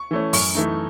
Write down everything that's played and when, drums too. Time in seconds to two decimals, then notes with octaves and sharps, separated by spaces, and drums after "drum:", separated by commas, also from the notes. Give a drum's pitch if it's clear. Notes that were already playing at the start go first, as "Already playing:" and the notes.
Already playing: C#6
0.11 E3 A3 C#4
0.33 F#2 C#6, drum: open hi-hat
0.55 E3 A3 D#4